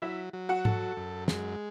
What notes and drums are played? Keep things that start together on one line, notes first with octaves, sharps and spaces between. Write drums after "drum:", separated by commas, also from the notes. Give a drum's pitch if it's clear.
F#3 E4 E5
F#3
F#4 F#5
A4, drum: tom G#2
F#2
G#3, drum: snare